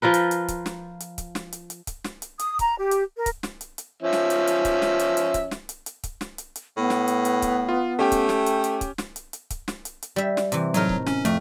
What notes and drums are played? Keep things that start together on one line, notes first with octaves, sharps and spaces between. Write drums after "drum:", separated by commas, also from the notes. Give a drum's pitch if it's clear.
F3 F4 A#4 B4
drum: hi-hat
drum: hi-hat
drum: kick C#1, hi-hat
drum: snare
drum: hi-hat
drum: kick C#1, hi-hat
drum: snare
drum: hi-hat
drum: hi-hat
drum: kick C#1, hi-hat
drum: snare
drum: hi-hat
D#6, drum: hi-hat
A#5, drum: kick C#1, hi-hat
G4
drum: hi-hat
A#4
drum: kick C#1, hi-hat
drum: snare
drum: hi-hat
drum: hi-hat
F3 C#4 E5
drum: snare
drum: hi-hat
drum: hi-hat
drum: kick C#1, hi-hat
drum: snare
drum: hi-hat
drum: hi-hat
drum: kick C#1, hi-hat
drum: snare
drum: hi-hat
drum: hi-hat
drum: kick C#1, hi-hat
drum: snare
drum: hi-hat
drum: hi-hat
A2 B3
drum: snare
drum: hi-hat
drum: hi-hat
drum: kick C#1, hi-hat
F4
A3 C#4 G4 G5
drum: kick C#1, hi-hat
drum: snare
drum: hi-hat
drum: hi-hat
drum: kick C#1, hi-hat
drum: snare
drum: hi-hat
drum: hi-hat
drum: kick C#1, hi-hat
drum: snare
drum: hi-hat
drum: hi-hat
G3 E5
drum: snare
C3 E3, drum: hi-hat
A2 F#3 D#4 A#4, drum: hi-hat
drum: kick C#1
C#4, drum: snare
F2 A3, drum: hi-hat